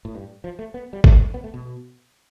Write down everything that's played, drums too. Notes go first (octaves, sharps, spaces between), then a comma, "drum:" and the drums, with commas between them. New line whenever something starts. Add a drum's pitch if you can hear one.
A2
G2
F3
A3
B3
G3
A3, drum: kick G#1
B3
A3
B2